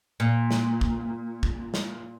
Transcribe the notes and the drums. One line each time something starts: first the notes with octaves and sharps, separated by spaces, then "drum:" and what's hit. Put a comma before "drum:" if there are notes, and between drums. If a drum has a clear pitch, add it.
A#2
drum: snare
drum: kick
drum: kick
drum: snare